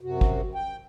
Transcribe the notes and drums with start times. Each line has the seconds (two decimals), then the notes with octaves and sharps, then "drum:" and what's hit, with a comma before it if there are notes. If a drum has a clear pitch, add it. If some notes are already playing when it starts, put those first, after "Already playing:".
0.01 F#2 C3 F#4
0.21 drum: kick
0.55 G5